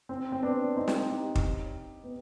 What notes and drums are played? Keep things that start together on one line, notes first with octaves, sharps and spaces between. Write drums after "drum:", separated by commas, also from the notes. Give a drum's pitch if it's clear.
C4
C4
B3 D4
C4 D#4
D#4 G4, drum: snare
D#4 G4
drum: kick
B3